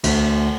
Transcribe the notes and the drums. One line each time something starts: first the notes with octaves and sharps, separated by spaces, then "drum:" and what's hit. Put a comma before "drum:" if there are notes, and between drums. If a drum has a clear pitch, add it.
D2, drum: cymbal